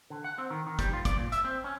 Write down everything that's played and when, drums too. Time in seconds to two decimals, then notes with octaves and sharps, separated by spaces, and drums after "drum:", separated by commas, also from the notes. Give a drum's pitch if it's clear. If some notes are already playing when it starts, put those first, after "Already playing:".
0.10 D3
0.24 F#5
0.38 C4
0.50 D#3
0.67 D#3
0.79 G3, drum: kick, hi-hat
0.93 F4
1.05 D5, drum: kick, hi-hat
1.17 A#2
1.32 E5, drum: hi-hat
1.45 C4
1.64 C#4